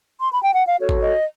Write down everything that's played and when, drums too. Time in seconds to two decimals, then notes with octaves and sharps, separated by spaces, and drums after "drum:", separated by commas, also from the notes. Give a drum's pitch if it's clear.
0.20 C6
0.32 B5
0.43 G5
0.55 F#5
0.67 F5
0.79 F#4 A4 C#5
0.89 drum: kick G#1
1.02 D#5